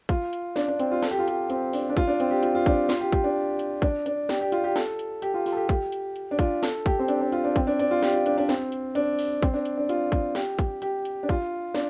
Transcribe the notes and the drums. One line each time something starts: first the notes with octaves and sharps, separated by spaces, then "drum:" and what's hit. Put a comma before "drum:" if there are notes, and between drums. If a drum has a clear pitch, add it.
F4, drum: kick, hi-hat
drum: hi-hat
D4, drum: snare
D4
C4, drum: hi-hat
F4
A4, drum: snare
G4
F4
G4, drum: hi-hat
C4, drum: hi-hat
D4, drum: open hi-hat
D4
F4, drum: kick, hi-hat
D4
C4, drum: hi-hat
G4
F4, drum: hi-hat
F4
D4, drum: kick, hi-hat
F4, drum: snare
G4
G4, drum: kick, hi-hat
D4
drum: hi-hat
D4, drum: kick, hi-hat
D4, drum: hi-hat
G4, drum: snare
G4
F4, drum: hi-hat
G4
A4, drum: snare
drum: hi-hat
G4, drum: hi-hat
F4
F4, drum: open hi-hat
A4
G4
G4, drum: kick, hi-hat
drum: hi-hat
drum: hi-hat
D4
F4, drum: kick, hi-hat
A4, drum: snare
G4, drum: kick, hi-hat
C4
D4, drum: hi-hat
D4
F4, drum: hi-hat
D4
C4, drum: kick, hi-hat
D4
D4, drum: hi-hat
F4
G4, drum: snare
F4
D4, drum: hi-hat
D4
C4, drum: snare
drum: hi-hat
D4, drum: hi-hat
drum: open hi-hat
C4, drum: kick, hi-hat
D4
drum: hi-hat
D4
F4, drum: hi-hat
drum: kick, hi-hat
G4, drum: snare
drum: kick, hi-hat
G4, drum: hi-hat
drum: hi-hat
D4
F4, drum: kick, hi-hat
D4, drum: snare